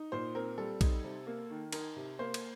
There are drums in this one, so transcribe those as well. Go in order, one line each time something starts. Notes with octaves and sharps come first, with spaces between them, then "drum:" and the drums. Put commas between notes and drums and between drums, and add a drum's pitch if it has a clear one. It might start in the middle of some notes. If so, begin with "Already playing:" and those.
Already playing: D#4
A#2 C5
C4 A#4
G3 A4
D#4, drum: kick, cymbal
C3
A#3
D#3
D#4 A#4, drum: cymbal
C3
A#3 C5
drum: cymbal